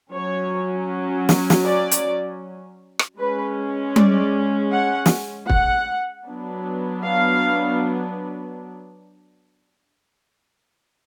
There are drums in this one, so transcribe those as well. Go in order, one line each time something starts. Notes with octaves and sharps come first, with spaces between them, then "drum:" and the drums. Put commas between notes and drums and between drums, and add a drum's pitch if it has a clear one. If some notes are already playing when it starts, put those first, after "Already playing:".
F#3 C#4 C#5
drum: snare
drum: snare
D5
drum: hi-hat
drum: rim click
G#3 C#4 B4
D5, drum: tom G3
F#5
drum: snare
F#5, drum: kick
F#3 B3 D4
F5